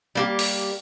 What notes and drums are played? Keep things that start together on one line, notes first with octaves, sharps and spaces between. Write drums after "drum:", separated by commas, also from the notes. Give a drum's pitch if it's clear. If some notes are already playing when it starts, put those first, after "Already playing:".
G3 A#3 G4
drum: open hi-hat